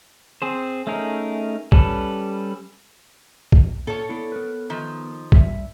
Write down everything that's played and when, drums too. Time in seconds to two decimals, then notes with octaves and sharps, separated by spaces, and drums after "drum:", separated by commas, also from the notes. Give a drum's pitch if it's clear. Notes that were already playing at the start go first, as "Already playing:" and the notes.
0.42 C4 G#4 C5
0.87 A3 C#4 D#4 G#4 A#4
1.72 G3 C#4 A4 B4, drum: kick B1
3.52 drum: kick B1
3.87 A#2 F4 A4 C#5 A5
4.09 B3 D4 E4
4.32 B3 A#4 B4
4.70 D#3 F3
5.32 G2 G3 E5, drum: kick B1